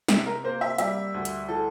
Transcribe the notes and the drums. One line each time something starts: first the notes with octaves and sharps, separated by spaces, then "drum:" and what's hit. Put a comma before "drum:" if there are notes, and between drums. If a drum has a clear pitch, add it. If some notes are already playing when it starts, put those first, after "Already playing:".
C3 E5, drum: snare
A#4
A#3 C5
E5
G3 E5, drum: hi-hat
D2
drum: hi-hat
E3 A4